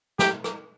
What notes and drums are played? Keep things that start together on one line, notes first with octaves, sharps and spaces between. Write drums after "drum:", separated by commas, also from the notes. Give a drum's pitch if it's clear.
G4, drum: snare
drum: rim click